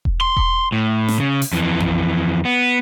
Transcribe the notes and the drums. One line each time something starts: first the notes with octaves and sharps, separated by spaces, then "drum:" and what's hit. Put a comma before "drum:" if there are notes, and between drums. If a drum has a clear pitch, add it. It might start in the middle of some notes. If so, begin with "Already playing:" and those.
drum: kick E1
C6
drum: kick E1
A2
drum: snare
C#3
drum: open hi-hat
F2 E3
drum: tom F2
B3